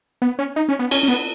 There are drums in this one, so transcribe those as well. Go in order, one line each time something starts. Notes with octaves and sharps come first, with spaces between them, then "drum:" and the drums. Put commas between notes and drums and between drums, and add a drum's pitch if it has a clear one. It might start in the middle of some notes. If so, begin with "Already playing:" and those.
B3
C#4
D#4
C#4
B3
C#4, drum: cymbal
C#4
B3